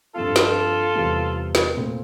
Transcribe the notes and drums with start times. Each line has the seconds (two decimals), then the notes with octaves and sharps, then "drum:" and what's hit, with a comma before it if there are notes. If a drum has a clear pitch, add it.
0.16 G2 F3 C4 F4 A4
0.36 drum: snare
0.95 E2 C3 E3 G3 C4
1.55 drum: snare
1.74 A#2 A3 C4